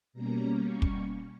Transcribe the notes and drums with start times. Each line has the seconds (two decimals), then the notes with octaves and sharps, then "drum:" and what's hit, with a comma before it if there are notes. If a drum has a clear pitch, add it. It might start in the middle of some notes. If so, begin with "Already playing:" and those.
0.13 B2 G3 A#3 C#4 A#5
0.65 C#6
0.82 drum: kick